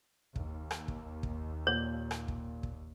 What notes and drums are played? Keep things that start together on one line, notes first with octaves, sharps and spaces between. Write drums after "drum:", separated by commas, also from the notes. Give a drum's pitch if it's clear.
D#2, drum: kick
drum: rim click
drum: kick
drum: kick
A#2 C#5
drum: rim click
drum: kick
drum: kick